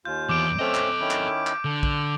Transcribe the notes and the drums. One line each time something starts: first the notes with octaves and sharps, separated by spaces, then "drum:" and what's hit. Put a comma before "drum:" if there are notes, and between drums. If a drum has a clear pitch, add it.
D#2 F4 G6
E2 D6 D7
A3 C4 C#4 A4 D#5
drum: clap
D#3 C#4 E4
drum: clap
drum: clap
D3 A4
drum: kick A#1